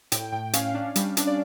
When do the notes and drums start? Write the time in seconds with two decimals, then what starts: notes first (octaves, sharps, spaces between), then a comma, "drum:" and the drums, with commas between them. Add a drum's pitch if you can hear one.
0.12 A2 G5, drum: hi-hat
0.32 A2 G5
0.53 C#4 F5, drum: hi-hat
0.74 D4
0.96 G3, drum: hi-hat
1.17 D4, drum: hi-hat
1.27 D5